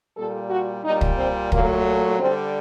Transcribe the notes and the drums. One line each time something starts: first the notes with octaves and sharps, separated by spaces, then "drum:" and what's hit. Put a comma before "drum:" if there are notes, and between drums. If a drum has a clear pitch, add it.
A#2 G3 A4
F#4
A#2 G3 D#4
drum: kick
C4
A#2 F#3 A3 A#3, drum: kick
D3 G3 C4